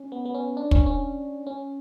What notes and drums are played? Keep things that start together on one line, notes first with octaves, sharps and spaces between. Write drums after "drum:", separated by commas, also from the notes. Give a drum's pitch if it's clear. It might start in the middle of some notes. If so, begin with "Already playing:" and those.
Already playing: C#4
B3
B3
C#4
D4
C#4, drum: kick
C#4
C#4